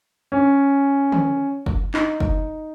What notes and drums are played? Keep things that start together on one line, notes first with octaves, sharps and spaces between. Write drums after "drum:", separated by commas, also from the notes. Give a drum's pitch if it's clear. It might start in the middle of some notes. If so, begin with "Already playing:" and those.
C#4
drum: tom D3
drum: kick F#1
D#4, drum: clap
drum: kick F#1